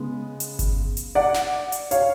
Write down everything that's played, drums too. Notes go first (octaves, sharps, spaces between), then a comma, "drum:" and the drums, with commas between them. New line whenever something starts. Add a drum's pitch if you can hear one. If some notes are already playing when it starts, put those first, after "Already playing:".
Already playing: C#3 G#3 B3
drum: hi-hat
drum: kick G1, hi-hat
drum: hi-hat
D5 F#5
drum: snare
drum: hi-hat
C#5 F5, drum: hi-hat